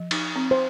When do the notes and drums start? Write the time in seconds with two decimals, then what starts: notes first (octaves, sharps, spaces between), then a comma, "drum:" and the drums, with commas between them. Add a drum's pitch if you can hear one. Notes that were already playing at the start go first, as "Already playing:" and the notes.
Already playing: F3
0.11 D#4, drum: cymbal
0.36 C4
0.51 C5